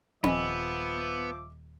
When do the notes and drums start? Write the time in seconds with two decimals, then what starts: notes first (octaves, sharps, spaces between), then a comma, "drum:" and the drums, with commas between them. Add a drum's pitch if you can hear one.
0.24 D#1 F3 B3 D#5 E5 G#5 B5 D6, drum: tom C4